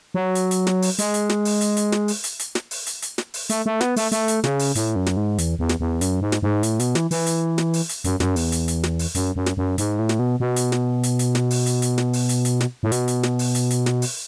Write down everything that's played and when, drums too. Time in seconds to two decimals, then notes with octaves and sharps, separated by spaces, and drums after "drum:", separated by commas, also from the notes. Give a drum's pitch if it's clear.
0.14 F#3
0.35 drum: hi-hat
0.51 drum: hi-hat
0.67 drum: snare
0.82 drum: open hi-hat
0.99 G#3, drum: hi-hat
1.14 drum: hi-hat
1.29 drum: snare
1.45 drum: open hi-hat
1.61 drum: hi-hat
1.77 drum: hi-hat
1.92 drum: snare
2.08 drum: open hi-hat
2.24 drum: hi-hat
2.39 drum: hi-hat
2.55 drum: snare
2.71 drum: open hi-hat
2.87 drum: hi-hat
3.02 drum: hi-hat
3.18 drum: snare
3.34 drum: open hi-hat
3.50 A3, drum: hi-hat
3.66 A3
3.81 B3, drum: snare
3.96 A3, drum: open hi-hat
4.12 A3, drum: hi-hat
4.28 drum: hi-hat
4.44 C#3, drum: snare
4.59 drum: open hi-hat
4.75 A2, drum: hi-hat
4.96 F#2
5.06 drum: snare
5.17 G#2
5.38 E2, drum: hi-hat
5.59 E2
5.69 drum: snare
5.80 E2
6.01 F#2, drum: hi-hat
6.21 G#2
6.32 drum: snare
6.42 G#2
6.63 A2, drum: hi-hat
6.80 B2, drum: hi-hat
6.95 E3, drum: snare
7.11 E3, drum: open hi-hat
7.26 drum: hi-hat
7.58 drum: snare
7.74 drum: open hi-hat
7.89 drum: hi-hat
8.04 F#2, drum: hi-hat
8.20 F#2, drum: snare
8.36 E2, drum: open hi-hat
8.52 drum: hi-hat
8.68 drum: hi-hat
8.84 drum: snare
8.99 drum: open hi-hat
9.15 F#2, drum: hi-hat
9.36 F#2
9.46 drum: snare
9.57 F#2
9.78 G#2, drum: hi-hat
9.99 A2
10.09 drum: snare
10.19 B2
10.40 B2
10.56 drum: hi-hat
10.72 drum: snare
11.03 drum: hi-hat
11.19 drum: hi-hat
11.35 drum: snare
11.51 drum: open hi-hat
11.66 drum: hi-hat
11.82 drum: hi-hat
11.98 drum: snare
12.13 drum: open hi-hat
12.29 drum: hi-hat
12.45 drum: hi-hat
12.61 drum: snare
12.83 A2
12.92 B2, drum: hi-hat
13.08 drum: hi-hat
13.23 drum: snare
13.39 drum: open hi-hat
13.55 drum: hi-hat
13.70 drum: hi-hat
13.86 drum: snare
14.02 drum: open hi-hat